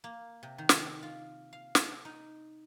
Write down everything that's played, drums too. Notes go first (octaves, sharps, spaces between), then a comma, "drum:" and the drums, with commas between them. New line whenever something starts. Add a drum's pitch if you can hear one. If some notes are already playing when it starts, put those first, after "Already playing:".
A#3
C3
D#3
drum: snare
F4
F5
drum: snare
D#4